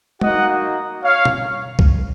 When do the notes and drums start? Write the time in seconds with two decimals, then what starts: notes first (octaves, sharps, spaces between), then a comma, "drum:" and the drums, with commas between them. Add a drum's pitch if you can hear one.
0.21 A#3 D#4 F#4 D#5 F#5, drum: tom
1.03 C#5 F5
1.25 drum: tom B2
1.79 drum: kick C2